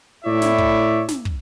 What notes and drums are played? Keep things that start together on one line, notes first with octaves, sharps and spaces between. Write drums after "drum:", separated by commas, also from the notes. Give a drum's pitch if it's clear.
A2 E4 C#5 D5 E5
drum: snare
drum: kick
drum: snare
drum: kick